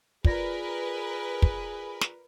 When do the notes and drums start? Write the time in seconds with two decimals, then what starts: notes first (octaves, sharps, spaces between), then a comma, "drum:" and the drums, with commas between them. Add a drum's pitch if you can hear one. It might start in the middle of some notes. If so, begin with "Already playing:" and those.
0.24 F4 G#4 A#4 B4 D5 A#6, drum: kick
1.42 drum: kick
2.01 drum: snare